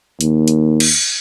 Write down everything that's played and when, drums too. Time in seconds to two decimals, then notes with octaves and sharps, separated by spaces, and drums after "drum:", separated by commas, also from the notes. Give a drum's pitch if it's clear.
0.21 D#2, drum: hi-hat
0.48 drum: hi-hat
0.80 drum: cymbal